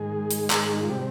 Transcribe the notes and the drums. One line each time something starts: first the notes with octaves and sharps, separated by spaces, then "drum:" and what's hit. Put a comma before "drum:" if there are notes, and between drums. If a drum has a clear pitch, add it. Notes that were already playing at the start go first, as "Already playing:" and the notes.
Already playing: G#2 D#3 G#3 G#4
drum: hi-hat
drum: clap
D#4
F4
C3 G3 C4 G4